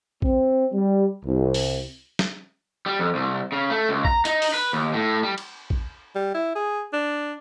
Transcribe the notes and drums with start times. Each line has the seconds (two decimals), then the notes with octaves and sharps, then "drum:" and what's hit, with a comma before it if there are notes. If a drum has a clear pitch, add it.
0.22 C4, drum: kick A#1
0.72 G3
1.25 C2
1.54 drum: open hi-hat
2.19 drum: snare
2.86 G3
2.99 F2
3.15 C2
3.52 C#3
3.70 A3
3.89 C#2
4.05 A#5, drum: kick A#1
4.25 D#4, drum: hi-hat
4.42 drum: open hi-hat
4.54 B4
4.73 D#2
4.94 A2
5.23 G3
5.38 drum: cymbal
5.70 drum: kick A#1
6.15 G3
6.35 E4
6.56 G#4
6.93 D4